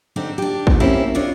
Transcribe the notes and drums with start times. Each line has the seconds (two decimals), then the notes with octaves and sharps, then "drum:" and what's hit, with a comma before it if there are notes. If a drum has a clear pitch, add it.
0.16 D3 C4 D#4 G4
0.38 D4 G4
0.67 drum: kick
0.80 A#3 C4 C#4 E4 G4
1.15 C4 D4 F4 C#5 D#5